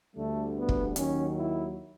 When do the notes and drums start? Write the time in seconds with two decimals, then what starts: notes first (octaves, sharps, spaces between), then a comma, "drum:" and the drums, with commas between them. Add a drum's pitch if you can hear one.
0.15 D2 D3 G3 A3
0.55 B3
0.69 drum: kick
0.96 D#2 D#3 F#3 C#4, drum: hi-hat
1.37 E4